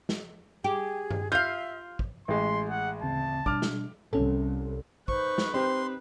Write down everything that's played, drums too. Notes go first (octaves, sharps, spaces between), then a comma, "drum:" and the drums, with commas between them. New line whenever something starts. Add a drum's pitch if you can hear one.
drum: snare
G4 G#4
drum: tom G2
F4 E5 F5 G6
drum: kick
A1 G#3 C6
G#4 F#5
D2 C#3 C4 A5
B2 G3 D4 D6 F6, drum: kick
drum: snare
C2 C#4 A4, drum: tom G#2
D#4 B4 C5 C#6, drum: kick
drum: snare
C4 G4 C5 C6